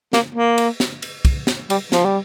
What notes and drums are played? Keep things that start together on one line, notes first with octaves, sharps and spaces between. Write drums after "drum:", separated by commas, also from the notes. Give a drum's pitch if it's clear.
A#3, drum: snare
A#3
drum: cymbal
drum: snare
drum: cymbal
drum: kick, cymbal
drum: snare
G3, drum: cymbal
F3, drum: snare
G3